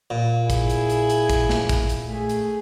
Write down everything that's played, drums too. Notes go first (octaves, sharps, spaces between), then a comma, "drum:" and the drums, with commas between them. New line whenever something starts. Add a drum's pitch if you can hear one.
A#2
E4 G#4, drum: kick, hi-hat
drum: hi-hat
drum: hi-hat
drum: hi-hat
drum: kick, hi-hat
drum: snare
drum: kick, hi-hat
drum: hi-hat
A3 G#4
drum: hi-hat